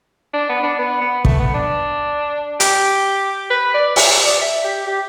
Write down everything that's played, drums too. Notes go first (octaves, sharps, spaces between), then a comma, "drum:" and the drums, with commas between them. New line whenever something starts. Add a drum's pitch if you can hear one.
D4
B3
D4
B3
B3
A3, drum: kick
B3
D4
G4, drum: hi-hat
B4
D5
E5, drum: open hi-hat
D5
D5
E5
G4
G4